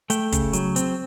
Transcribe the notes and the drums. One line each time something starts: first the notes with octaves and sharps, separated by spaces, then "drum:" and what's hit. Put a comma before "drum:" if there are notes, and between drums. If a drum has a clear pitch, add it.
A3 G5, drum: hi-hat
C#3, drum: kick, hi-hat
F#3, drum: hi-hat
C4, drum: hi-hat